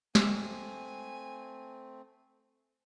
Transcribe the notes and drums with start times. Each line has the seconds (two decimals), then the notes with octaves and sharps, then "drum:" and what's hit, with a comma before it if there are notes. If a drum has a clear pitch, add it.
0.15 A3 C4 G#5, drum: snare